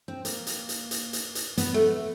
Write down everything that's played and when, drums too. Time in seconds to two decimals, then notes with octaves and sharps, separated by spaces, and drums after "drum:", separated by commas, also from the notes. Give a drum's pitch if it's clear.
0.08 C4
0.25 A#3, drum: hi-hat
0.47 drum: hi-hat
0.69 drum: hi-hat
0.91 drum: hi-hat
1.13 drum: hi-hat
1.35 drum: hi-hat
1.57 B3, drum: hi-hat
1.74 A3